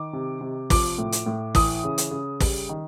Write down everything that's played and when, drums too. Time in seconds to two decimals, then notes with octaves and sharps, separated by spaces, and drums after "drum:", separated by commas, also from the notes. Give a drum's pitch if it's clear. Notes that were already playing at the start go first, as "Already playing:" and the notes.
Already playing: D#3 D6
0.13 C3
0.41 C3
0.70 F3 D6, drum: kick, open hi-hat
0.98 A2
1.12 drum: hi-hat
1.26 A2
1.55 E3 D#6, drum: kick, open hi-hat
1.84 C#3
1.98 drum: hi-hat
2.11 C#3
2.40 G3, drum: kick, open hi-hat
2.69 D#3